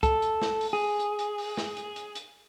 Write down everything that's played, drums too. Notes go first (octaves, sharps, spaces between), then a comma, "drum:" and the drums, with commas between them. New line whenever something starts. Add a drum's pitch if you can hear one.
A4, drum: kick, hi-hat
drum: hi-hat
drum: snare
drum: open hi-hat
G#4
drum: hi-hat
drum: hi-hat
drum: open hi-hat
drum: snare
drum: hi-hat
drum: hi-hat
drum: hi-hat